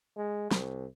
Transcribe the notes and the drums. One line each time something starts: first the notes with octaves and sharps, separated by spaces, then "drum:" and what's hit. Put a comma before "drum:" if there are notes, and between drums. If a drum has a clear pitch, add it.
G#3
C2, drum: snare